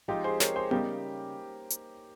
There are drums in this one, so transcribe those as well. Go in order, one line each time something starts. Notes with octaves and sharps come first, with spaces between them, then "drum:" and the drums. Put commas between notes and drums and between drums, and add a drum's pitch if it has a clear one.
F3 G#3 C4 D#4 F4 G4
G#4 C5
A#4 C#5, drum: snare
G#4 C5
C#3 G3 A#3 D#4 G4 A#4, drum: tom B3
drum: hi-hat